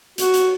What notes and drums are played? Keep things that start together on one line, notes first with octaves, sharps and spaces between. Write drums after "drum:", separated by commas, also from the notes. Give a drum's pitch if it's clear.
F#4, drum: hi-hat
drum: hi-hat